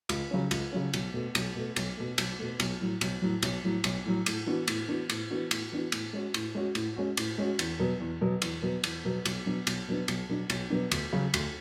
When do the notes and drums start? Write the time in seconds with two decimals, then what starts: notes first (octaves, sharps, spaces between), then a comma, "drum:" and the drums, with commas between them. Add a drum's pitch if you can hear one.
0.09 C#2, drum: cymbal
0.30 C#3 F#3 C#4
0.51 C#2, drum: cymbal
0.72 C#3 F#3 C#4
0.93 B1, drum: cymbal
1.14 B2 A3
1.35 B1, drum: cymbal
1.56 B2 A3
1.76 B1, drum: cymbal
1.97 B2 A3
2.18 B1, drum: cymbal
2.39 B2 A3
2.60 B1, drum: cymbal
2.81 A2 F#3
3.01 B1, drum: cymbal
3.22 A2 F#3
3.42 B1, drum: cymbal
3.64 A2 F#3
3.84 B1, drum: cymbal
4.05 A2 F#3
4.26 A2, drum: cymbal
4.46 E3 B3 D4 F#4
4.67 A2, drum: cymbal
4.88 E3 B3 D4 F#4
5.09 A2, drum: cymbal
5.30 E3 B3 D4 F#4
5.51 A2, drum: cymbal
5.72 E3 B3 D4 F#4
5.92 A2, drum: cymbal
6.13 G#3 C#4 F#4
6.34 A2, drum: cymbal
6.55 G#3 C#4 F#4
6.75 A2, drum: cymbal
6.96 G#3 C#4 F#4
7.17 A2, drum: cymbal
7.38 G#3 C#4 F#4
7.59 E2, drum: cymbal
7.79 B2 F#3 B3
8.00 E2
8.21 B2 F#3 B3
8.42 E2, drum: cymbal
8.62 B2 F#3 B3
8.84 E2, drum: cymbal
9.05 B2 F#3 B3
9.25 B1, drum: cymbal
9.46 B2 F#3 B3 D4
9.67 B1, drum: cymbal
9.88 B2 F#3 B3 D4
10.08 B1, drum: cymbal
10.29 B2 F#3 B3 D4
10.50 B1, drum: cymbal
10.70 B2 F#3 B3 D4
10.91 D2, drum: cymbal
11.13 C#3 F#3
11.34 D2, drum: cymbal